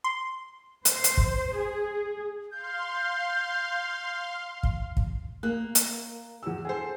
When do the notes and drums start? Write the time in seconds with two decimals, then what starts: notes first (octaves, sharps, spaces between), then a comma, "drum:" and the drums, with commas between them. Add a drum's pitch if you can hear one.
0.04 C6
0.85 C5, drum: hi-hat
1.04 drum: hi-hat
1.17 drum: kick
1.56 G#4
2.52 F5 C6 G6
4.63 drum: kick
4.97 drum: kick
5.43 A#3 F#6
5.75 drum: hi-hat
6.43 E2 E6
6.65 G#4 A4 C5